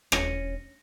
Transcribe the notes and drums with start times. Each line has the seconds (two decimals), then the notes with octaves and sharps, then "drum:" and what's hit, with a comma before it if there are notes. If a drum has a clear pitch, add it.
0.12 E1 C#4 A#6 C#7 D#7, drum: rim click